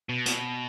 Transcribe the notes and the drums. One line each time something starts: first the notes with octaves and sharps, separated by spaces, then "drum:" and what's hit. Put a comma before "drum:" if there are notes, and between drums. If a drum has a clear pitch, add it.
B2
drum: hi-hat